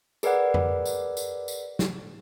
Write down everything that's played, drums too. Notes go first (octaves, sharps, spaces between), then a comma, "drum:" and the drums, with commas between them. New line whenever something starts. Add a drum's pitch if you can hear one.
G#4 A#4 B4 D5 F#5, drum: tambourine
drum: tom F2
drum: tambourine
drum: tambourine
drum: tambourine
drum: snare